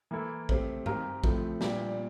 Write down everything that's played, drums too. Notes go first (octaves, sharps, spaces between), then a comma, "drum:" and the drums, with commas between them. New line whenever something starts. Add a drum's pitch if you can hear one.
E3 A#3 E4 A4
A3 C4 G4 C5, drum: kick A1
C4 G4 A#4 F5, drum: tom G2
A2 F3 A3 C4, drum: kick A1
A#2 G3 D4 G4, drum: snare